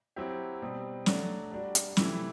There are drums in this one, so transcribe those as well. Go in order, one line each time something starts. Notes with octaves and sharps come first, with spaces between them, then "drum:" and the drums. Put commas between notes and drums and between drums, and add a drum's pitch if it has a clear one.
F#3 C4 E4 G4
B2 G3 C4
F#3 A3 D4 F#4, drum: snare
G3 D4 F#4
drum: hi-hat
C3 E3 A3 E4, drum: snare